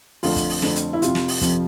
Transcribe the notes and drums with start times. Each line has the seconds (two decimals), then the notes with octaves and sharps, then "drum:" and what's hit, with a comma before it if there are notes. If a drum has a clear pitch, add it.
0.23 F2 D3 A3 C4 F4, drum: open hi-hat
0.36 drum: kick, hi-hat
0.49 drum: open hi-hat
0.62 F2 D3 A3 C4, drum: snare
0.76 drum: hi-hat
0.93 E4
1.02 F2 C3 F3 F4, drum: hi-hat
1.15 drum: snare
1.28 drum: open hi-hat
1.41 F2 C3 F3, drum: kick, hi-hat